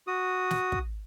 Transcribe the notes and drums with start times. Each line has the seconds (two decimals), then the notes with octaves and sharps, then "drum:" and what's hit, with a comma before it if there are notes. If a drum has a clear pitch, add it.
0.07 F#4 D#6
0.51 drum: snare
0.72 drum: kick